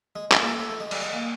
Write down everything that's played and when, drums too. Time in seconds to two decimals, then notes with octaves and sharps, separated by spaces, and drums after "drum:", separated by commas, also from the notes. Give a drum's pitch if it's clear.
0.16 G#3
0.32 A3, drum: clap
0.40 A#3
0.48 A3
0.59 A3
0.70 A3
0.80 G#3
0.91 G3, drum: cymbal
1.02 G#3
1.13 A#3